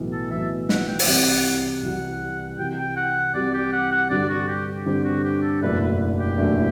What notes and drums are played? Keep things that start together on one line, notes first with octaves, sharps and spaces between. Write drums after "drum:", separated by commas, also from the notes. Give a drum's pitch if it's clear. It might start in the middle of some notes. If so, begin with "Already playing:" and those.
Already playing: B1 A2 E3
A4
B1 A2 E3 E5
F#5, drum: snare
G5
E5, drum: open hi-hat
C2 C3 E3 G3 F#5
C2 C3 E3 G3 F#5
C2 C3 E3 G3 G5
G5
F#5
C2 C3 E3 G3 D5
G4
F#5
F#5
G2 D3 G3 C4 D5
F#4
G4
G2 D3 G3 C4 G4
F#4
G4
A4
F#1 E2 B2 A3 D4 B4
B4
G4
F#1 E2 B2 A3 D4